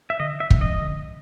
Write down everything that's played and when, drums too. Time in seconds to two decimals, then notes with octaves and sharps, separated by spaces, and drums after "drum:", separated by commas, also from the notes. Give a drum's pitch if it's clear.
0.10 E5
0.20 D3 D#5
0.40 E5
0.50 F3 G#3 C#4, drum: kick
0.61 D#5
0.81 D3